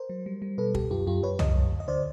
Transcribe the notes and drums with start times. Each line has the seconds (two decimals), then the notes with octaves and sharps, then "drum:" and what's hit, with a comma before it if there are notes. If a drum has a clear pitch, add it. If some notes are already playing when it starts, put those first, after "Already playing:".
Already playing: A#4 C5
0.10 F#3
0.26 G3
0.42 G3
0.58 B2 A4 B4
0.74 C#2 G4 A4, drum: kick
0.91 F#2 F4 G4
1.07 F#2 F4 G4
1.23 F#2 B4 C#5
1.39 F#2 C#5 D#5, drum: tom
1.56 D2
1.72 D2
1.80 D#5
1.88 D3 C5 D5